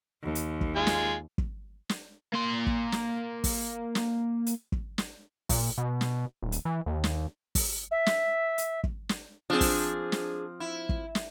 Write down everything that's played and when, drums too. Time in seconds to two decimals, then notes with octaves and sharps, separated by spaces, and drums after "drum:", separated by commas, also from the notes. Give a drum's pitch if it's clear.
0.23 D#2
0.35 drum: hi-hat
0.61 drum: kick
0.76 G#3 F4 G#5
0.87 drum: snare
1.38 drum: kick
1.89 drum: snare
2.34 A#3 C6
2.67 drum: kick
2.92 drum: snare
3.44 drum: kick, open hi-hat
3.95 drum: snare
4.47 drum: hi-hat
4.72 drum: kick
4.98 drum: snare
5.49 A#2, drum: kick, open hi-hat
5.78 B2
6.01 drum: snare
6.42 D#1
6.52 drum: hi-hat
6.65 E3
6.86 D#2
7.04 drum: snare
7.55 drum: kick, open hi-hat
7.91 E5
8.06 drum: snare
8.58 drum: hi-hat
8.84 drum: kick
9.09 drum: snare
9.50 F3 C4 D4 G#4
9.61 drum: kick, open hi-hat
10.12 drum: snare
10.60 E4
10.89 drum: kick
11.15 drum: snare